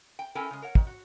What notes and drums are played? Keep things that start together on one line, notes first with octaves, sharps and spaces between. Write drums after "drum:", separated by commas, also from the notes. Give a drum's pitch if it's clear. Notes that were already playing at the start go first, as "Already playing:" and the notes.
G5
C#4 E4 A4 A#4 G5 G#5
C#3 G#3
A#4 C#5 F#5
D#3, drum: kick
F#4